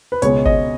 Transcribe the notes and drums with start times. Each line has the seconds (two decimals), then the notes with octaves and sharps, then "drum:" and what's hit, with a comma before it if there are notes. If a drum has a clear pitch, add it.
0.12 B4
0.22 C#2 B2 G#3 C#5, drum: hi-hat
0.46 D#5, drum: kick G1